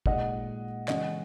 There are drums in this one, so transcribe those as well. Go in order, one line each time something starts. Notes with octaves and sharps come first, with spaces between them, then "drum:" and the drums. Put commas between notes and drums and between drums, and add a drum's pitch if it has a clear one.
A#2 G#3 D#4 D#5 F#5, drum: kick
C#3 E3 G#3 C#4 D#5 F#5, drum: clap